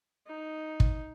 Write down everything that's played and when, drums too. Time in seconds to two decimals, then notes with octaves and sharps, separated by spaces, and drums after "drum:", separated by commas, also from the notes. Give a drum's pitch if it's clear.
0.27 D#4
0.80 drum: kick